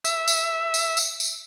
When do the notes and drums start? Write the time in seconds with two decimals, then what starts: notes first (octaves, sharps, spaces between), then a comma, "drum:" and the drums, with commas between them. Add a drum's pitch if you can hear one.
0.04 E5, drum: tambourine
0.28 drum: tambourine
0.74 drum: tambourine
0.97 drum: tambourine
1.20 drum: tambourine